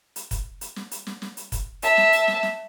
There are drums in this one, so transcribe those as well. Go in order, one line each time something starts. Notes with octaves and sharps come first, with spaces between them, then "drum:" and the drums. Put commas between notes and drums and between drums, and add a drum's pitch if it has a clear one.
drum: hi-hat
drum: kick, hi-hat
drum: hi-hat
drum: snare
drum: hi-hat
drum: snare
drum: snare
drum: hi-hat
drum: kick, hi-hat
E5 A5, drum: hi-hat
drum: snare
drum: hi-hat
drum: snare
drum: snare